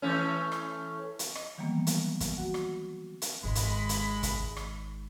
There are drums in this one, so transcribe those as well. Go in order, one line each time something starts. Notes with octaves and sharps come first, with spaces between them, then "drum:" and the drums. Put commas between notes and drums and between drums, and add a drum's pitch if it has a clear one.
E3 A3 C#4
drum: rim click
drum: hi-hat
D#5, drum: rim click
D#3 E3 F#3 G3 A#3 B3
drum: hi-hat
drum: kick, hi-hat
F#4 F#5
drum: rim click
drum: hi-hat
G#1 D#3 G#3 B5
drum: hi-hat
drum: hi-hat
drum: kick, hi-hat
drum: rim click